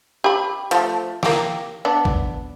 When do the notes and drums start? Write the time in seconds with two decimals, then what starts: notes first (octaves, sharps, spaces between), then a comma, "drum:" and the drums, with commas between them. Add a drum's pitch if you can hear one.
0.24 G4 B5
0.71 F3 A3, drum: hi-hat
1.23 A#3 G4, drum: snare
1.85 B3 D4
2.05 drum: kick A1